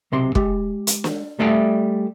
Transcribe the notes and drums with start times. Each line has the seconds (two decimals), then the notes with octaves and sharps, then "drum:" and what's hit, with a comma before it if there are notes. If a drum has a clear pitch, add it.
0.12 B1 C3 C6
0.35 G#3 G4, drum: kick
0.87 drum: hi-hat
1.04 drum: snare
1.39 G3 A3 A4 D5 E5 F5